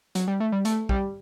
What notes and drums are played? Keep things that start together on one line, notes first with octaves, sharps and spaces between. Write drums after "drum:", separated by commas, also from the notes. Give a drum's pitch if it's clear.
F#3, drum: hi-hat
G3
A3
G3
A3, drum: hi-hat
G3, drum: kick